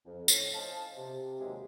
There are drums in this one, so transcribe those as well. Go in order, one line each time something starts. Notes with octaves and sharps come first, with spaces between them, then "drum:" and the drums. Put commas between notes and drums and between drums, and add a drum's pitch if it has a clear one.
F2
A2 C#4, drum: tambourine
C5 D#5 F5 G#5 A5
C3
D#2 F#3 G#3 C4 G4 E5